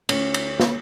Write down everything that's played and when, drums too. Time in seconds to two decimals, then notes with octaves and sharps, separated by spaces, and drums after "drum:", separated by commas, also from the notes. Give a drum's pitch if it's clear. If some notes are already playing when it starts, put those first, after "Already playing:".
0.09 D2 C#4, drum: cymbal
0.34 drum: cymbal
0.60 drum: snare